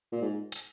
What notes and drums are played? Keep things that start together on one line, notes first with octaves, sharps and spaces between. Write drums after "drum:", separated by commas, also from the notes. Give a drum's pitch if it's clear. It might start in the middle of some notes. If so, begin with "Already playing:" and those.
A#2
G#2
drum: hi-hat